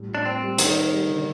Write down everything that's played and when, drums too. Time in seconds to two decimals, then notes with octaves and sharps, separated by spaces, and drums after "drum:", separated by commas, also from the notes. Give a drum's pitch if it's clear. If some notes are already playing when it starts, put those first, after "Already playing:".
Already playing: A2 G3
0.08 F4
0.15 D4
0.25 A#3 C4
0.42 G3
0.58 D#3 D#4, drum: hi-hat
0.75 A#3
0.92 G3
1.09 D3